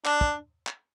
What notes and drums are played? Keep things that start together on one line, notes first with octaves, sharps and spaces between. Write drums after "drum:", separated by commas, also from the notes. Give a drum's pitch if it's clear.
D4, drum: clap
drum: kick
drum: clap